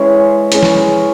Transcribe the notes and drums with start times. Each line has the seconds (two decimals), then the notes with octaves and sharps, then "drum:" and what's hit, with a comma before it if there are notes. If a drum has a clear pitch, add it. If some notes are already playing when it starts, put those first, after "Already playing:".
Already playing: E3 G#3 C#4 C#5
0.52 E3 G#3 C#4, drum: hi-hat
0.63 drum: snare